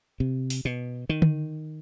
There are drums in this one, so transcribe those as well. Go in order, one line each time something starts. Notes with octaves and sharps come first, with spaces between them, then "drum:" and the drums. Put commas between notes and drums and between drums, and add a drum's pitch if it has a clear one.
C3
drum: open hi-hat
B2
D#3
drum: tom D3